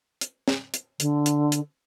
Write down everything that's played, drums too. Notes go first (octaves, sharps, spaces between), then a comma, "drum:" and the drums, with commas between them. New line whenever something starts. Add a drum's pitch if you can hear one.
drum: hi-hat
drum: snare
drum: hi-hat
D3, drum: hi-hat
drum: hi-hat
drum: hi-hat